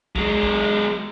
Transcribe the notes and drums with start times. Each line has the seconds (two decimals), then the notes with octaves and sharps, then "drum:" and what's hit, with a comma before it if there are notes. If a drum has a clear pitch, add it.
0.16 F#3 G#3, drum: kick
0.43 drum: kick